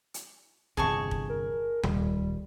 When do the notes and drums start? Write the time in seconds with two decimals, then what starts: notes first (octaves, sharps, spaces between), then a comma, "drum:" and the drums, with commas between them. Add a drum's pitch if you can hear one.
0.14 drum: hi-hat
0.77 G1 E2 C3 G#4 A5 C#6, drum: kick
1.11 drum: kick
1.29 A#4
1.83 D#1 G3, drum: tom D#2